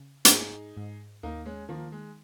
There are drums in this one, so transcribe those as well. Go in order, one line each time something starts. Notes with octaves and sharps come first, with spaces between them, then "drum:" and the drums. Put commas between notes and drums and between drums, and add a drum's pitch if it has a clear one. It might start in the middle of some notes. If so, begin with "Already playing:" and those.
Already playing: C#3
A#4, drum: hi-hat
G#2 D#4 G#4
G#2
D#2 A#3 D#4
G#3 C#4
D#3 F3 A#3
G#3